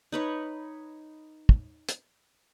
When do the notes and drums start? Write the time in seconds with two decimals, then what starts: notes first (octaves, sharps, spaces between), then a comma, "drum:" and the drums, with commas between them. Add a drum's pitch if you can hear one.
0.12 D#4 B4 C#5
1.49 drum: kick
1.89 drum: hi-hat